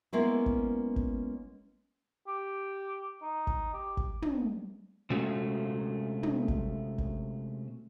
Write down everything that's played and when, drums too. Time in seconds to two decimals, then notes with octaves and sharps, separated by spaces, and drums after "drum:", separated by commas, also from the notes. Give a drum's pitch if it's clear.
0.13 G#3 A#3 B3 C#4 E4
0.46 drum: kick G#1
0.96 drum: kick G#1
2.27 G4
3.22 D#4
3.47 drum: kick G#1
3.74 G4
3.97 drum: kick G#1
4.22 drum: tom
5.10 C3 G#3 A3 C#4 F#4
6.23 drum: tom
6.48 drum: kick G#1
6.98 drum: kick G#1